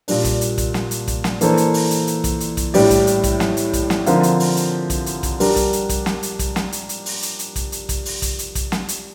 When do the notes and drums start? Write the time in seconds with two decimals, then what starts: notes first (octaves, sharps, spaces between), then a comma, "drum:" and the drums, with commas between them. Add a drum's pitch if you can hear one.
0.08 A#2 G3 D4, drum: open hi-hat
0.24 drum: kick, hi-hat
0.41 drum: hi-hat
0.58 drum: kick, hi-hat
0.74 drum: snare
0.91 drum: hi-hat
1.07 drum: kick, hi-hat
1.24 drum: snare
1.41 E3 A#3 D4 A4 C5, drum: hi-hat
1.57 drum: hi-hat
1.74 drum: open hi-hat
1.91 drum: hi-hat
2.07 drum: hi-hat
2.24 drum: kick, hi-hat
2.40 drum: hi-hat
2.57 drum: kick, hi-hat
2.74 A2 G3 D4 G4 D5, drum: open hi-hat
2.90 drum: kick, hi-hat
3.07 drum: hi-hat
3.24 drum: kick, hi-hat
3.40 drum: snare
3.57 drum: hi-hat
3.73 drum: kick, hi-hat
3.90 drum: snare
4.06 D3 F3 C4 F4 A#4, drum: hi-hat
4.23 drum: hi-hat
4.40 drum: open hi-hat
4.56 drum: hi-hat
4.90 drum: kick, hi-hat
5.06 drum: hi-hat
5.23 drum: kick, hi-hat
5.40 G3 D4 G4 A#4, drum: open hi-hat
5.56 drum: kick, hi-hat
5.73 drum: hi-hat
5.89 drum: kick, hi-hat
6.06 drum: snare
6.23 drum: hi-hat
6.39 drum: kick, hi-hat
6.56 drum: snare
6.72 drum: hi-hat
6.89 drum: hi-hat
7.06 drum: open hi-hat
7.22 drum: hi-hat
7.39 drum: hi-hat
7.56 drum: kick, hi-hat
7.72 drum: hi-hat
7.89 drum: kick, hi-hat
8.05 drum: open hi-hat
8.22 drum: kick, hi-hat
8.39 drum: hi-hat
8.55 drum: kick, hi-hat
8.72 drum: snare
8.88 drum: hi-hat